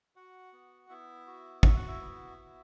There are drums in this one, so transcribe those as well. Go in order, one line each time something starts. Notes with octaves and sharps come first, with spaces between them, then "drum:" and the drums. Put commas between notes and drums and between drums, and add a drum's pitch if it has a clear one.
F#4 F#5
B3
B3 E4 E5
F#4
F#4 E5, drum: kick
F#5
E4 E5
B3
F#4